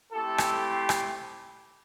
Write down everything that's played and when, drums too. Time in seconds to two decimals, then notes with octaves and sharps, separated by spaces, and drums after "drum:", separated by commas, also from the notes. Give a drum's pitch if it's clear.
0.13 A3 C4 E4 G4 A4
0.38 drum: rim click
0.89 drum: rim click